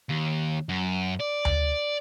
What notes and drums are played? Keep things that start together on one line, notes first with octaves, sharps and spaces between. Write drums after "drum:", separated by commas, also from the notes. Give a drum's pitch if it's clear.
D#2
F#2
D5
drum: tom D2